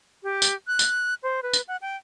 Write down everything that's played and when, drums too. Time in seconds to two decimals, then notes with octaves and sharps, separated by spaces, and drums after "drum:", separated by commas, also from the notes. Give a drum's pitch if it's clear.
0.23 G4
0.42 drum: tambourine
0.67 F#6
0.79 drum: tambourine
1.23 C5
1.43 B4
1.53 drum: tambourine
1.68 F#5
1.82 G5